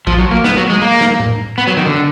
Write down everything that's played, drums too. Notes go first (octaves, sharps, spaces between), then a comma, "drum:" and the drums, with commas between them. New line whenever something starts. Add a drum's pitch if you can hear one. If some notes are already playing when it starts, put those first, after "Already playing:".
F3, drum: kick A#1
F#3
A#3
B3, drum: snare
F#3
G#3
A#3
drum: snare
drum: tom A2
B3
F#3
D#3
D3